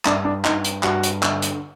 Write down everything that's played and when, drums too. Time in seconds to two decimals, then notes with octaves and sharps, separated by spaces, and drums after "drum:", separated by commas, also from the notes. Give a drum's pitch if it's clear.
0.05 G2 D4, drum: clap
0.25 D4
0.45 G2 D#4, drum: clap
0.64 drum: hi-hat
0.83 G2 F#4, drum: clap
1.03 drum: hi-hat
1.23 D3, drum: clap
1.42 drum: hi-hat